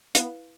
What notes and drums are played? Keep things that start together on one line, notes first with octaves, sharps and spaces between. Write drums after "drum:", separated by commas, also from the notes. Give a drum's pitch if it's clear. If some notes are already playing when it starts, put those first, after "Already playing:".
B3 E4 B4 F5, drum: hi-hat